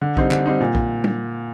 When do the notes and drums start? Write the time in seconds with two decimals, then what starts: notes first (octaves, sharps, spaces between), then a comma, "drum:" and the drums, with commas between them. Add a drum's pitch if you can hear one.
0.01 D3
0.17 G3 C4 D#4, drum: kick
0.31 D3, drum: clap
0.46 G3 C4 D#4
0.61 A#2
0.75 drum: kick
1.04 drum: tom G3